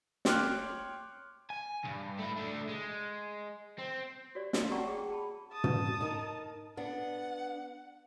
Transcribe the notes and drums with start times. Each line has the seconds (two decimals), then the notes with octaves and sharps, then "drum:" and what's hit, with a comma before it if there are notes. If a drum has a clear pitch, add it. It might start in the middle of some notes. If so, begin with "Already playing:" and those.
0.25 C#5 G5 C6 D6 F6 F#6, drum: snare
1.50 G#5
1.84 D2 G2
2.19 A3 E4
2.38 A3 D4
2.69 G#3
3.78 C4
4.35 F#4 G4 C#5 D5
4.53 C#5 C6, drum: snare
4.71 D5 F#5 G5 A5 A#5 C#6
4.87 G#4 G5
5.10 G#4 A5 B5
5.52 A5 D#6
5.64 drum: tom
6.01 D#4 A#4
6.77 B3 D4 F#5